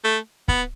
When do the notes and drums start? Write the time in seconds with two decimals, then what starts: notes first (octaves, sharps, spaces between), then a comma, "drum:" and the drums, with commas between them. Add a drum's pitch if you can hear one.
0.04 A3
0.48 B3, drum: kick